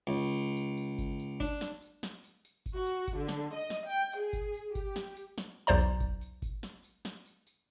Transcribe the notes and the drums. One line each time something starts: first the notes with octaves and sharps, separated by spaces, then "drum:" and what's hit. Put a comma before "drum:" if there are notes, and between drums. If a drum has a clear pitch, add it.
C#2
drum: tambourine
drum: tambourine
drum: kick G1, tambourine
drum: tambourine
D4, drum: kick G1, tambourine
drum: snare
drum: tambourine
drum: snare
drum: tambourine
drum: tambourine
drum: kick G1, tambourine
F#4
drum: tambourine
drum: kick G1, tambourine
D3
drum: snare
D#5
drum: snare
G5
drum: tambourine
G#4
drum: kick G1, tambourine
drum: tambourine
G4, drum: kick G1, tambourine
drum: snare
drum: tambourine
drum: snare
B1 E2 C5 D5 A#5
drum: tambourine
drum: kick G1, tambourine
drum: tambourine
drum: kick G1, tambourine
drum: snare
drum: tambourine
drum: snare
drum: tambourine
drum: tambourine